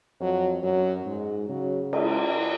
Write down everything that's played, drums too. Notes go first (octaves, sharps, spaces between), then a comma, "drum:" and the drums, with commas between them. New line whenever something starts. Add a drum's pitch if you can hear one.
F2 F#3
F#2 F#3
G#2 G#3
C#3 F#3
G#3, drum: cymbal